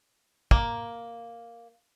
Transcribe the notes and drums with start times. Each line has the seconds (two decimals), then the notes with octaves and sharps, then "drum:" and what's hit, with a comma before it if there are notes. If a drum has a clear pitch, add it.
0.51 A#3, drum: kick